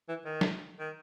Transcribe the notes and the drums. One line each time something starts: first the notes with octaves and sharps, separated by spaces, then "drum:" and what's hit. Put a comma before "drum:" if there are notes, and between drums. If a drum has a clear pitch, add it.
E3
D#3
drum: snare
D#3